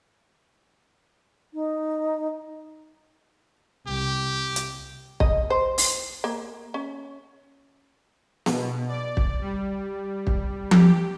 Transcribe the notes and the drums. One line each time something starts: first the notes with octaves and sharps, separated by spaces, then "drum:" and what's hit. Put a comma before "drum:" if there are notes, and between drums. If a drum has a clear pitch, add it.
D#4
C2 G4
drum: hi-hat
D#5, drum: kick
C5
drum: open hi-hat
A#3
C#4
B2, drum: snare B3
D5
drum: kick
G3
drum: kick
G4, drum: tom F3